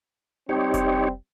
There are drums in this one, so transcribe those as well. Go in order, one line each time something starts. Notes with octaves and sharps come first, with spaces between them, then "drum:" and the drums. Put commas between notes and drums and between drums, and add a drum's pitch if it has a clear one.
G3 C4 D#4 G4 C#5
drum: kick F1, hi-hat